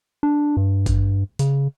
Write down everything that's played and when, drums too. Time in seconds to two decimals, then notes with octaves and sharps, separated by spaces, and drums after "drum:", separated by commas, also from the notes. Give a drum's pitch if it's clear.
0.23 D4
0.57 G2
0.86 drum: kick G#1, hi-hat
1.39 C#3, drum: hi-hat